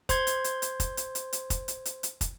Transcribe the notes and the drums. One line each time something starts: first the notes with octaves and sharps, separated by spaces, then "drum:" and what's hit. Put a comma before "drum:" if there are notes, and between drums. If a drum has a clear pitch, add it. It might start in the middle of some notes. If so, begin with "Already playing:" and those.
C5 C6 G#6, drum: kick, hi-hat
drum: hi-hat
drum: hi-hat
drum: hi-hat
drum: kick, hi-hat
drum: hi-hat
drum: hi-hat
drum: hi-hat
drum: kick, hi-hat
drum: hi-hat
drum: hi-hat
drum: hi-hat
drum: kick, hi-hat